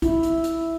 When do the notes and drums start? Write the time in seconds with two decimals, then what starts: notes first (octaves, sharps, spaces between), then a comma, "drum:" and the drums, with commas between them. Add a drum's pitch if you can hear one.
0.02 E4, drum: kick B1, hi-hat
0.23 drum: hi-hat
0.44 drum: hi-hat